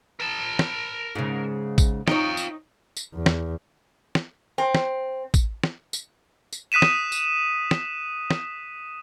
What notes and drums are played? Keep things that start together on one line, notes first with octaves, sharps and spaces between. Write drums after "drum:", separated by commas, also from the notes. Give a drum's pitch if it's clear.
A#4 A5
drum: snare
G#2 C#3
drum: kick A1, tambourine
D#4 F4 C#5 G5, drum: snare
drum: tambourine
drum: tambourine
E2
drum: snare
drum: snare
C4
drum: snare
drum: kick A1, tambourine
drum: snare
drum: tambourine
drum: tambourine
D#6 F#6 B6 D#7 E7
drum: snare
drum: tambourine
drum: snare
drum: snare